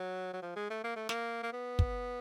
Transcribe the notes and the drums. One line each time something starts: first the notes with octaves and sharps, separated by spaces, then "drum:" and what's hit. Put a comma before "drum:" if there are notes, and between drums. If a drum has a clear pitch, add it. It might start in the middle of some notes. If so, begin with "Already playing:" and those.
Already playing: F#3
F#3
F3
G#3
A3
A#3
A3
A#3, drum: snare
A#3
B3
drum: kick